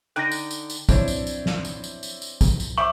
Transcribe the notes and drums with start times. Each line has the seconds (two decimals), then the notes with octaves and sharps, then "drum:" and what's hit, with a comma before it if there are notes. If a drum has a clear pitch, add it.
0.16 D3 D#4 G5 F#6 A#6
0.32 drum: tambourine
0.51 drum: tambourine
0.70 drum: tambourine
0.89 C4 D4 E4 C#5, drum: kick, tambourine
1.08 drum: tambourine
1.27 drum: tambourine
1.46 drum: snare
1.65 drum: tambourine
1.84 drum: tambourine
2.03 drum: tambourine
2.22 drum: tambourine
2.41 drum: kick, tambourine
2.60 drum: tambourine
2.78 C5 E5 C#6 D6 F#7